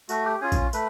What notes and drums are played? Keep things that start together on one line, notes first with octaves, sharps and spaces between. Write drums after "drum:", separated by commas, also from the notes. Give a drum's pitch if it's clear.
A3 F#4, drum: tambourine
G4
C#4 F4 G#4
drum: kick A#1, tambourine
A3 B4, drum: tambourine